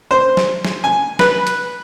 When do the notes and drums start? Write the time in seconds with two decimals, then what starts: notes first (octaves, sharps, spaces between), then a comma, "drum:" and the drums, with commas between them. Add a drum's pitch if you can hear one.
0.11 C5
0.37 drum: snare
0.65 drum: snare
0.84 G#5
1.19 B4, drum: snare
1.47 drum: hi-hat